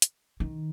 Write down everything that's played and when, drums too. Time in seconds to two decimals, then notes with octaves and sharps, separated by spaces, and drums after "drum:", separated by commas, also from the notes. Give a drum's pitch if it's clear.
0.02 drum: hi-hat
0.40 D#3